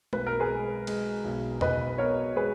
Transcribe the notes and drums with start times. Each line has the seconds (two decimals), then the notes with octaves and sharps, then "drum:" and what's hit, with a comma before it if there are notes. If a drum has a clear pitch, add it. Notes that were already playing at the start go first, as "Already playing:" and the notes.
0.13 B1 B4, drum: tom G#3
0.27 A#4
0.40 G#4 B4
0.50 G#3
0.87 G#3, drum: cymbal
1.24 B1
1.61 B1 B4 D#5, drum: tom E2
1.98 B2 A#4 C#5
2.36 G#3 G#4 B4